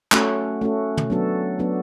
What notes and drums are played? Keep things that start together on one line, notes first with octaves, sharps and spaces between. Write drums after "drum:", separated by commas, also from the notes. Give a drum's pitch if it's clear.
A3 C#4 F#4, drum: clap
A3 C#4 F#4
drum: tom
F#3 B3 D4 F#4 A4
F#3 B3 D4 F#4 A4